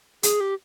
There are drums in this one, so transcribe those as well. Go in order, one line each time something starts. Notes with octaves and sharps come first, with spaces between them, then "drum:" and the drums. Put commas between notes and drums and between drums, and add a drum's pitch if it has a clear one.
G#4, drum: hi-hat
G4